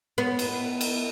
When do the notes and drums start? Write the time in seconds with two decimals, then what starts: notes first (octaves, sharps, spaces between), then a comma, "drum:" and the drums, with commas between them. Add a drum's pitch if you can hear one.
0.18 B3
0.39 drum: cymbal
0.81 drum: cymbal